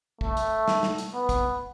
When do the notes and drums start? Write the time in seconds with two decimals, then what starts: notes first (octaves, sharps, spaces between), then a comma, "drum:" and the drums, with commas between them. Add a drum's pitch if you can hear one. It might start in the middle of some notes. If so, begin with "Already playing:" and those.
0.21 A3, drum: kick
0.37 drum: hi-hat
0.68 drum: snare
0.83 drum: snare
0.98 drum: hi-hat
1.14 B3
1.29 drum: kick, hi-hat